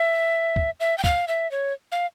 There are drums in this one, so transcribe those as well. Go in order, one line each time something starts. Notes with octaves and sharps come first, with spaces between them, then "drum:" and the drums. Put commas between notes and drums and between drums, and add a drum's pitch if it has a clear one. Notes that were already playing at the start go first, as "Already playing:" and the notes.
Already playing: E5
drum: kick
E5
G5
F5, drum: kick
E5
C#5
F5